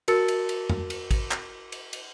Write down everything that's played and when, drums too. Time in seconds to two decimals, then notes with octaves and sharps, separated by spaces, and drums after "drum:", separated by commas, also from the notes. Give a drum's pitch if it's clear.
0.08 F#4 A#4 A5 E6 A6 C#7, drum: cymbal
0.28 drum: cymbal
0.49 drum: cymbal
0.69 drum: tom F2
0.90 drum: cymbal
1.11 drum: kick, cymbal
1.31 drum: clap
1.72 drum: cymbal
1.93 drum: cymbal